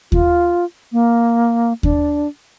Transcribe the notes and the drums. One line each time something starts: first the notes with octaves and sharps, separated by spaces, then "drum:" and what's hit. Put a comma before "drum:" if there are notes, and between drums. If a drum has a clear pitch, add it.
F4, drum: kick D#2
A#3
D4, drum: kick D#2